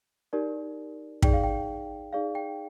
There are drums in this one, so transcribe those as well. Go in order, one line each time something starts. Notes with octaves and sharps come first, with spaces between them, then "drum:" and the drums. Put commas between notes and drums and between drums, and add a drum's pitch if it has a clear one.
D#4 G4 A#4 D5
D#4 G#4 D5 G5, drum: kick
F5
G5
D#4 G#4 D5 F5
G5